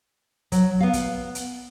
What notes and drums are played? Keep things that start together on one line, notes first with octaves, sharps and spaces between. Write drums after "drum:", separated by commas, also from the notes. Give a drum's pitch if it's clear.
F#3, drum: kick, hi-hat
B3 F5
drum: kick, hi-hat
drum: hi-hat